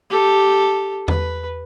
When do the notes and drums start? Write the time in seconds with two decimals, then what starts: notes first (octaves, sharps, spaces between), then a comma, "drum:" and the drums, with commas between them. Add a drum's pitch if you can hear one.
0.10 G4 A4
1.08 B4, drum: tom E2